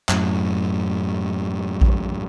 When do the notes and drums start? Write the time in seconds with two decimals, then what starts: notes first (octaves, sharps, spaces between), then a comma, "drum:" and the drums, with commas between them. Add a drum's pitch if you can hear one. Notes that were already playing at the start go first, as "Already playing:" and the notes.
0.09 F#2 A2, drum: clap
1.81 drum: kick A1